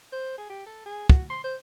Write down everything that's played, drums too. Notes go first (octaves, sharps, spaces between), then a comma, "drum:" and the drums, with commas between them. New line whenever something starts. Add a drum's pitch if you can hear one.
C5
G#4
G4
A4
G#4
F#4, drum: kick
C6
C5